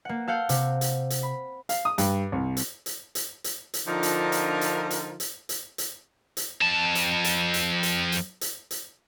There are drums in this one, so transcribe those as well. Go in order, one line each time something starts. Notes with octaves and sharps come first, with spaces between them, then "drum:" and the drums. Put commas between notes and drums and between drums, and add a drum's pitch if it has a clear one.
A#3 F#5
A4 F5 F#5 G6
C3, drum: hi-hat
drum: hi-hat
drum: hi-hat
B5
F5, drum: hi-hat
D#6
G2, drum: hi-hat
C2
drum: hi-hat
drum: hi-hat
drum: hi-hat
drum: hi-hat
drum: hi-hat
D3 F3 D4 D#4 F4 A#4
drum: hi-hat
drum: hi-hat
drum: hi-hat
drum: hi-hat
drum: hi-hat
drum: hi-hat
drum: hi-hat
drum: hi-hat
F2 A5
drum: hi-hat
drum: hi-hat
drum: hi-hat
drum: hi-hat
drum: hi-hat
drum: hi-hat
drum: hi-hat